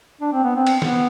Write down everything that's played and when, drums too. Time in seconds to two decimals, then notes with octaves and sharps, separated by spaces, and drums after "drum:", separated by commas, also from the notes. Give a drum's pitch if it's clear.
0.21 D4
0.32 C4
0.44 B3
0.55 C4
0.67 drum: cymbal
0.82 B3, drum: snare